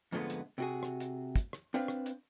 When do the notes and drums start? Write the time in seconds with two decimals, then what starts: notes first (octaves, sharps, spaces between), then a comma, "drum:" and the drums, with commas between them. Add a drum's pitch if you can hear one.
0.12 F2 G#2 D3 G#3 A3 B3
0.30 drum: hi-hat
0.58 C3 F#4 G#4
0.83 drum: rim click
1.00 drum: hi-hat
1.36 drum: kick, hi-hat
1.53 drum: rim click
1.74 C4 D4 B4 F5
1.88 drum: rim click
2.06 drum: hi-hat